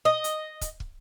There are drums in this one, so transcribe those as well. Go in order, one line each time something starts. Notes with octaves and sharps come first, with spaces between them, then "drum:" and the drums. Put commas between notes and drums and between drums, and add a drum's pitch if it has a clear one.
D#5
drum: hi-hat
drum: kick, hi-hat
drum: kick